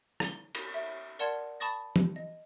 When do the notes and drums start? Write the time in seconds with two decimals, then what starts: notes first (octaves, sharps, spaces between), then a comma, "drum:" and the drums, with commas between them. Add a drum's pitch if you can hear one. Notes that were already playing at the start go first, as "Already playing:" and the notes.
0.20 D#7 G7, drum: rim click
0.55 drum: cymbal
0.74 E5
1.19 A#4 D5 F#5 A5 C6 G#6
1.60 A5 B5 C#6 D#6 A6 A#6
1.96 drum: tom
2.16 D#5